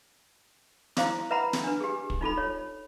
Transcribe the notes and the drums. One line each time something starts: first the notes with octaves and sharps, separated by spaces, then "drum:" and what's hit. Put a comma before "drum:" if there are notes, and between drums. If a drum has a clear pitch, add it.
E4 F#4 C5 F5 D6 D#6, drum: snare
B4 E5 F#5 A#5 B5
drum: snare
D4 B4
G4 G#4
drum: kick
D#4 F4 A4 B5
C#5